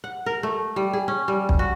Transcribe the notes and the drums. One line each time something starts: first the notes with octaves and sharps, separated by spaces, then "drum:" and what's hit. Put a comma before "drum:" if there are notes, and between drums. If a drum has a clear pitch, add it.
F#5
A#4
A3
G3
G#4
C#4
G3
drum: kick
F#4